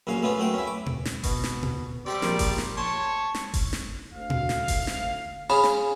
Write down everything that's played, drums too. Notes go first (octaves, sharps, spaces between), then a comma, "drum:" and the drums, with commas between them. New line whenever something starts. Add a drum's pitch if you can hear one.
A#1 F#2 C#4 F5
A3 B3 C#4 F4
F#2 A3 F#5 G5
C#4 E4
D6
drum: tom A#2
drum: snare
B2, drum: kick F#1, open hi-hat
drum: snare
drum: tom A#2
G3 C4 G4 D5 E5 D6
A#1 F3, drum: snare
drum: kick F#1, open hi-hat
drum: snare
C#5 A5 C6 C#6
drum: snare
drum: kick F#1, open hi-hat
drum: snare
D2 F5
drum: tom A#2
drum: snare
drum: kick F#1, open hi-hat
drum: snare
C#4 F4 G#4 B5
drum: snare